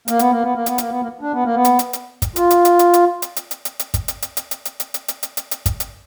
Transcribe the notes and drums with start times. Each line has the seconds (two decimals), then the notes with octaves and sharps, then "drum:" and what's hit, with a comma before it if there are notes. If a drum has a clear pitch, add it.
0.08 A#3, drum: hi-hat
0.19 B3, drum: hi-hat
0.31 A#3
0.42 B3
0.55 A#3
0.66 B3, drum: hi-hat
0.78 A#3, drum: hi-hat
0.89 B3
1.02 A#3
1.21 D4
1.33 B3
1.44 A#3
1.54 B3
1.65 drum: hi-hat
1.79 drum: hi-hat
1.93 drum: hi-hat
2.22 drum: kick, hi-hat
2.36 F4, drum: hi-hat
2.51 drum: hi-hat
2.65 drum: hi-hat
2.79 drum: hi-hat
2.93 drum: hi-hat
3.22 drum: hi-hat
3.36 drum: hi-hat
3.51 drum: hi-hat
3.65 drum: hi-hat
3.79 drum: hi-hat
3.94 drum: kick, hi-hat
4.08 drum: hi-hat
4.22 drum: hi-hat
4.37 drum: hi-hat
4.51 drum: hi-hat
4.65 drum: hi-hat
4.80 drum: hi-hat
4.94 drum: hi-hat
5.08 drum: hi-hat
5.23 drum: hi-hat
5.37 drum: hi-hat
5.51 drum: hi-hat
5.66 drum: kick, hi-hat
5.80 drum: hi-hat